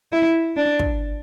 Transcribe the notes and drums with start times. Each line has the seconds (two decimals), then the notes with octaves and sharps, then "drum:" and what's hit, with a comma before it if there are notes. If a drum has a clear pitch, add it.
0.12 E4
0.57 D4
0.79 drum: kick